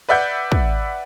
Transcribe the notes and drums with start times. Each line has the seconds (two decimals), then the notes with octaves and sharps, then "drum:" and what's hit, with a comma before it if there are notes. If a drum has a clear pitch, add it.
0.09 B4 D5 E5 F#5 G6
0.52 drum: kick